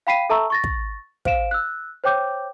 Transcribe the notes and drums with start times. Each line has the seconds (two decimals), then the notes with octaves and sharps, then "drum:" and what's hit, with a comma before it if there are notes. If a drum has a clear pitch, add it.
0.07 F5 G5 B5 B6 C7 D#7
0.30 A4 E5 A5 A#5 C#6 E6
0.50 C#6 A6 A#6
0.64 drum: kick
1.25 C5 F5 D7 E7, drum: kick
1.51 E6 F#6
2.04 C5 C#5 G5 D6 G6